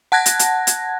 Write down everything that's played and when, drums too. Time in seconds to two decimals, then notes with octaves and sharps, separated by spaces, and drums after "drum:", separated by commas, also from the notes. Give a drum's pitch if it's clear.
0.12 F#5 A5 F#6 G#6 A#6
0.26 drum: hi-hat
0.39 drum: hi-hat
0.67 drum: hi-hat